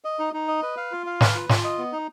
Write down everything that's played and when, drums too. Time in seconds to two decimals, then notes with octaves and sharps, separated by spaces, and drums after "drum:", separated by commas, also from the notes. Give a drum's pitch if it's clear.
0.04 D#5
0.19 D#4
0.33 D#4
0.48 D#5
0.63 B4
0.77 F5
0.92 F4
1.07 F5
1.21 B4, drum: snare
1.35 F4
1.49 F4, drum: snare
1.64 D#5
1.78 B3
1.92 D#4